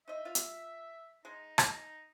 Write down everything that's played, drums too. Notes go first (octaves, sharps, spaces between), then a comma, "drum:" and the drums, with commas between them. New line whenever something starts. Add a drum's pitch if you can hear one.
D#4 D#5 E5
F4 F5
drum: hi-hat
G#3 D#4
drum: rim click